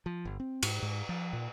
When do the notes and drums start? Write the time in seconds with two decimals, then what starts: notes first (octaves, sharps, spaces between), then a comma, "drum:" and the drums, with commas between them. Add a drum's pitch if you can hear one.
0.06 F3
0.25 G1
0.40 C4
0.63 G#2, drum: cymbal
0.82 G#2
1.09 F3
1.33 A#2